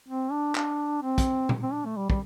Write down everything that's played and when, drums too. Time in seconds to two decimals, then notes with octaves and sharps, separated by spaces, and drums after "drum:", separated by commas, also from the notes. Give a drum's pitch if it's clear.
0.08 C4
0.31 D4
0.55 D4, drum: clap
1.02 C4
1.18 drum: kick, hi-hat
1.49 drum: tom A#2
1.63 C4
1.73 D4
1.85 A3
1.97 G3
2.10 G3, drum: kick